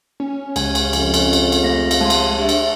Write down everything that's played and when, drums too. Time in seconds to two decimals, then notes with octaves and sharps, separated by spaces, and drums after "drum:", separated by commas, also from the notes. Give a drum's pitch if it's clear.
0.20 C#4
0.56 C#2 G#5, drum: cymbal
0.75 drum: cymbal
0.93 F2, drum: cymbal
1.14 drum: cymbal
1.33 drum: cymbal
1.52 drum: cymbal
1.63 A3 F5 A#6
1.91 drum: cymbal
2.01 G#3 A5 C6
2.10 drum: cymbal
2.38 D4 G4 E5
2.49 drum: cymbal